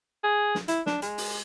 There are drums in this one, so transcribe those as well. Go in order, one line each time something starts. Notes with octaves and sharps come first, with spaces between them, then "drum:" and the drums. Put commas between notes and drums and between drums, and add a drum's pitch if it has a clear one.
G#4
drum: snare
E4, drum: hi-hat
D4, drum: snare
G#3, drum: hi-hat
drum: open hi-hat